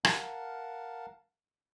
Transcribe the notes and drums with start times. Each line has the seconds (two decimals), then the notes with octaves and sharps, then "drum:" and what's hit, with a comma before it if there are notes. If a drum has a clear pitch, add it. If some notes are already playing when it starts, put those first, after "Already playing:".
0.05 A#4 F5 F#5 A5, drum: rim click